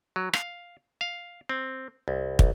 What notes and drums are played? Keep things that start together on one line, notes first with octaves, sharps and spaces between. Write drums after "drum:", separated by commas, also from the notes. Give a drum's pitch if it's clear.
F#3
F5, drum: rim click
F5
C4
C2
B1, drum: kick